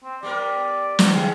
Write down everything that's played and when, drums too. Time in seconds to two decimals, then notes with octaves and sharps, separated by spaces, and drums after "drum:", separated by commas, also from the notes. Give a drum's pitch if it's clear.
0.04 C4
0.23 G3 B3 A#4 D5
0.99 F3 G3 B3, drum: snare
1.11 D3 E3 G#4